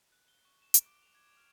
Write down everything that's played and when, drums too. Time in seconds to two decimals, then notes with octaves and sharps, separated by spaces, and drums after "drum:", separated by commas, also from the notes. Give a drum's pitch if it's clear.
0.12 F#6
0.28 G7
0.45 C#6
0.62 E7
0.74 D7, drum: hi-hat
0.86 D6
1.03 F7
1.15 G#6
1.37 F6